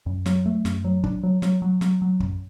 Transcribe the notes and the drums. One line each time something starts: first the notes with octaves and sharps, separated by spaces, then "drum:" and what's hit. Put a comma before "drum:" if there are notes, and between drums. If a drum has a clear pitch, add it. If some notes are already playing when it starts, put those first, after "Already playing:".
F#2
F#3, drum: snare
A3
F#2, drum: snare
F#3
D4, drum: kick
F#3
F#3, drum: snare
F#3
F#3, drum: snare
F#3
F#2, drum: kick